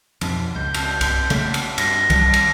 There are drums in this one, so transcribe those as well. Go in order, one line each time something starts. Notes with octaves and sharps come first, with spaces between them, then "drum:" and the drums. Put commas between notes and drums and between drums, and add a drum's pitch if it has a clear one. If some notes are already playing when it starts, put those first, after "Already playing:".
F2 G#2 B2, drum: cymbal
C#2 G6
drum: cymbal
drum: kick C2, cymbal
C#3 A3 A#3, drum: cymbal
drum: cymbal
G2 A#6, drum: cymbal
D#3 G3, drum: kick C2, cymbal
drum: cymbal